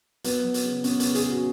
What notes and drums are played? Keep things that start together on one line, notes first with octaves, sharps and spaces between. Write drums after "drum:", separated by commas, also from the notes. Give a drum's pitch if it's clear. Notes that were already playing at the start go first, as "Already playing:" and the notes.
F#3 B3, drum: hi-hat
F#3
drum: hi-hat
C#3
B3 C#4, drum: hi-hat
C#3 C#4, drum: hi-hat
G#4, drum: hi-hat
B3 F#4